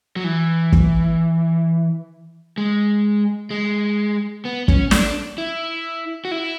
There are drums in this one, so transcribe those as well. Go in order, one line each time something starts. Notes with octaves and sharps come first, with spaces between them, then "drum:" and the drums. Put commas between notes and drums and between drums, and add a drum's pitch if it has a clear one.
F#3
E3
drum: kick
G#3
G#3
B3
C#4, drum: kick
D4, drum: snare
E4
F#4
E4